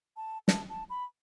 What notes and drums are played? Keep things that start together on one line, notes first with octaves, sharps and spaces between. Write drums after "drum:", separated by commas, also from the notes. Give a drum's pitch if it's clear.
A5
A5, drum: snare
A5
B5